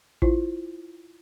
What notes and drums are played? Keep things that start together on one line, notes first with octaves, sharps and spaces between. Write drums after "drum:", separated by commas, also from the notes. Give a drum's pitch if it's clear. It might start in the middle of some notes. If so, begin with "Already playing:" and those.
E4 F4 C5, drum: kick A1